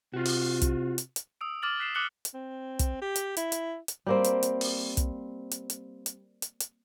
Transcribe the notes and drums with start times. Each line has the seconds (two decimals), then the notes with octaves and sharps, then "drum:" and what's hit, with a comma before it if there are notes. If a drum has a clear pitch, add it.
0.14 C3 F4 F#4
0.25 drum: open hi-hat
0.62 drum: kick, hi-hat
0.98 drum: hi-hat
1.16 drum: hi-hat
1.41 D#6 E6 D7
1.62 D6 F6 A6 F#7
1.79 F#6 B6 C7 E7
1.95 D6 D#6 F#6 C#7 F#7 G7
2.25 drum: hi-hat
2.34 C4
2.79 drum: kick, hi-hat
3.02 G4
3.16 drum: hi-hat
3.37 E4, drum: hi-hat
3.52 drum: hi-hat
3.88 drum: hi-hat
4.06 G3 A#3 C4
4.25 drum: hi-hat
4.43 drum: hi-hat
4.61 drum: open hi-hat
4.97 drum: kick, hi-hat
5.52 drum: hi-hat
5.70 drum: hi-hat
6.06 drum: hi-hat
6.42 drum: hi-hat
6.61 drum: hi-hat